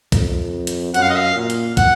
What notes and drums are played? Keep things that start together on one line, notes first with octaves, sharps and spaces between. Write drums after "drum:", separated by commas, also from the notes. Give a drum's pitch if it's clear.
F2, drum: kick, hi-hat
drum: hi-hat
F#2 F#5, drum: hi-hat
F5
D#5
F5
A#2
drum: hi-hat
F#5, drum: kick, hi-hat